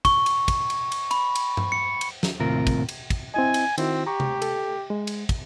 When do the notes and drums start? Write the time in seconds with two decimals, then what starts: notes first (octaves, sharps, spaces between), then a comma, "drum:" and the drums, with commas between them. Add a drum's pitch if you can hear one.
0.05 C#6, drum: kick, cymbal
0.26 drum: cymbal
0.48 drum: kick, cymbal
0.70 drum: cymbal
0.92 drum: cymbal
1.11 B5, drum: cymbal
1.35 drum: cymbal
1.57 drum: tom G2
1.72 C#7
2.01 drum: cymbal
2.23 drum: snare
2.40 D#2 A2 C3 C4 F4 A#4
2.67 drum: kick, cymbal
2.89 drum: cymbal
3.10 drum: kick, cymbal
3.34 C4 E4 D#5 G#5
3.54 drum: cymbal
3.78 D#3 C4 E4 F#4, drum: cymbal
4.07 G4 A#5 C#6
4.20 drum: tom C3
4.42 A4, drum: cymbal
4.90 G#3
5.07 drum: cymbal
5.29 drum: kick, cymbal